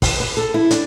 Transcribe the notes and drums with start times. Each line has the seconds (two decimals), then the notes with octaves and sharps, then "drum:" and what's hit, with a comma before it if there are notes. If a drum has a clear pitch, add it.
0.02 B4, drum: kick, open hi-hat
0.20 B4
0.37 A4
0.54 E4
0.71 D4, drum: hi-hat